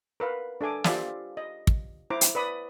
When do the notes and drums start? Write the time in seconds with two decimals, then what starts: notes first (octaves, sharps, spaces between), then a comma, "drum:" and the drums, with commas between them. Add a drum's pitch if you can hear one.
0.20 A#4 B4 F5
0.61 D4 A4 E5 G#5 D6
0.84 F4 G4 C5 D5 E5 F5, drum: snare
1.37 D#5
1.67 drum: kick
2.10 E4 C5 A#5 D6
2.21 drum: hi-hat
2.35 B4 D5 B5 D#6